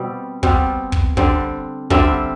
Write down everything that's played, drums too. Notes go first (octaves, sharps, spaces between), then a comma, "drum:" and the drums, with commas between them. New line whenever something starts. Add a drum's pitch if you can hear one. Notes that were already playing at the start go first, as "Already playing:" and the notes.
Already playing: B2 G3 C4
B2 G3 C4, drum: kick
drum: kick
D3 G3 C4, drum: kick
D3 G3 C4 E5, drum: kick